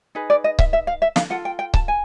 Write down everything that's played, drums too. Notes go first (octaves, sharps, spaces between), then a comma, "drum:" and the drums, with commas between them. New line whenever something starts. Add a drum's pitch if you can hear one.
D#4 G#4 B4
D5
D#5
E5, drum: kick C#1
E5
F5
E5
F5, drum: snare
F4 A4 F#5
G5
G5
A5, drum: kick C#1
G#5